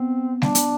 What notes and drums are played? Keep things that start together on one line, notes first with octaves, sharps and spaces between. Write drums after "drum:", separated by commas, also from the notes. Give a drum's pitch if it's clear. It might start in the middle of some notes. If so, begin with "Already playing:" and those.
Already playing: B3 C4
D4, drum: snare G3
drum: hi-hat